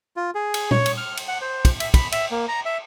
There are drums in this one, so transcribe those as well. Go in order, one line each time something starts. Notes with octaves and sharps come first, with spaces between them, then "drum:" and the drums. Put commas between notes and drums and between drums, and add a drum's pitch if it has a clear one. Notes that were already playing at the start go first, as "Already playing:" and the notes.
F4
G#4
drum: cymbal
C#5, drum: tom
drum: cymbal
F6
drum: cymbal
F#5
C5
drum: kick, cymbal
E5, drum: cymbal
B5, drum: kick, cymbal
E5, drum: cymbal
A#3
A#5
E5